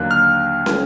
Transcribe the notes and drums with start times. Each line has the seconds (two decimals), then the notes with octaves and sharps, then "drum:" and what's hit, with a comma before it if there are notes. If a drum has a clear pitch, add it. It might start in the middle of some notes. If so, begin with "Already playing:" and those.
Already playing: D#2 D3 F#3 A#3 D4 F#6
0.11 F6
0.66 drum: snare